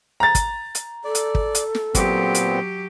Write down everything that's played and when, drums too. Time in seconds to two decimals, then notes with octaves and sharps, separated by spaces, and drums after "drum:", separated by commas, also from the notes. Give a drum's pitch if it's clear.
0.20 A#5 A6
0.35 drum: kick, hi-hat
0.75 drum: hi-hat
1.04 A4 D5
1.15 drum: hi-hat
1.35 drum: kick
1.55 drum: hi-hat
1.75 drum: snare
1.95 A#2 F#3 B3 C4 G4, drum: kick, hi-hat
2.35 drum: hi-hat